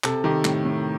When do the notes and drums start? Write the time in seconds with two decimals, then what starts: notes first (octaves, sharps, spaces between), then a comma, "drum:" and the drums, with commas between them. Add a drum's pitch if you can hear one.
0.04 C3 A4, drum: clap
0.24 D#3 G4
0.45 A2, drum: clap
0.65 A2